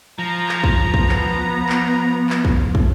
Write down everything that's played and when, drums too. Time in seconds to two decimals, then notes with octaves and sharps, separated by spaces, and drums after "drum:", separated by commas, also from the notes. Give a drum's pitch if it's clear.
0.19 F3 A#5
0.49 drum: clap
0.64 drum: kick
0.94 B3, drum: kick
1.09 drum: clap
1.69 drum: clap
2.30 drum: clap
2.45 drum: kick
2.75 drum: kick